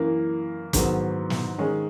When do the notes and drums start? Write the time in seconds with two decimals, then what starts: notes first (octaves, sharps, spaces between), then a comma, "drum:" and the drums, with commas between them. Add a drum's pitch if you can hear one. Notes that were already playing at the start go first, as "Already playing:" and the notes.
Already playing: F#2 E3 A#3
0.73 G#2 D#3 F#3 B3, drum: kick, hi-hat
1.30 drum: snare
1.58 D#3 G#3 C#4